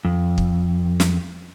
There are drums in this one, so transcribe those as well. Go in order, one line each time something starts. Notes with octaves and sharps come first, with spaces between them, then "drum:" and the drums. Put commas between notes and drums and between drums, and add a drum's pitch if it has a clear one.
F2
drum: kick
drum: snare